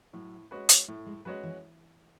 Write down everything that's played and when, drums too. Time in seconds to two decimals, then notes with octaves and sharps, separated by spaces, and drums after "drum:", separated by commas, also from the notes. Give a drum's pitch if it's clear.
0.13 A2 F#3
0.51 G#3 C#4 F#4 B4
0.69 drum: hi-hat
0.88 A2 A3
1.06 G#3
1.25 F#3 G#3 C#4 F#4 B4
1.43 E3